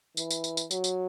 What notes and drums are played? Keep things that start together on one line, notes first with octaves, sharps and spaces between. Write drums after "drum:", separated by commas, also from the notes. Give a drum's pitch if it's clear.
E3, drum: tambourine
drum: tambourine
drum: tambourine
drum: tambourine
F#3, drum: tambourine
drum: tambourine